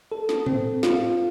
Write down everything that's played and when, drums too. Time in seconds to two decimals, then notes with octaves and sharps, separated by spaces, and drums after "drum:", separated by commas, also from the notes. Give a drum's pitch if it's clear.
0.12 A4
0.29 drum: snare
0.46 C4, drum: tom G#2
0.83 F4, drum: snare